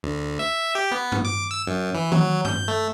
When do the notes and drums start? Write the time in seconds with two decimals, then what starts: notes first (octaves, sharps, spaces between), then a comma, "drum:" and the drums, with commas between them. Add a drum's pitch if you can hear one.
0.03 D2
0.39 E5
0.75 G4
0.91 B3
1.12 drum: tom
1.25 D6
1.51 E6
1.67 F#2
1.94 E3
2.12 F#3, drum: tom D#3
2.45 G6, drum: tom
2.68 A3